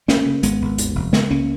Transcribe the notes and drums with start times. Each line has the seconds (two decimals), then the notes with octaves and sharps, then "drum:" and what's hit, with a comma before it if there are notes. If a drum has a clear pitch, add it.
0.08 F#1 A#3 C#4, drum: snare
0.26 C#3
0.43 G#1 G#3 B3, drum: hi-hat
0.61 G#1
0.78 D#2, drum: hi-hat
0.95 F1
1.13 C#3 G#3 B3, drum: snare
1.30 C#2 A#3 C#4